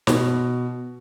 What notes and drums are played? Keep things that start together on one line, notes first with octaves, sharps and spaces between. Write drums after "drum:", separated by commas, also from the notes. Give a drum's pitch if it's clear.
B2, drum: snare